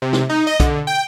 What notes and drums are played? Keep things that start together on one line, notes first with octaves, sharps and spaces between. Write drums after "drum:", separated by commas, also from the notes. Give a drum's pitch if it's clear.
C3
drum: snare
D#4
D#5
D3, drum: kick B1, hi-hat
G5